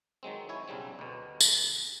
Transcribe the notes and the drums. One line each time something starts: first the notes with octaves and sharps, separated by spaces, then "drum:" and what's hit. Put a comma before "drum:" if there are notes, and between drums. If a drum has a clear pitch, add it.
D#3 F#3 G#3 C4
E4 C#5 G#5
B1 C#3 G3 C4
D2 B2
drum: tambourine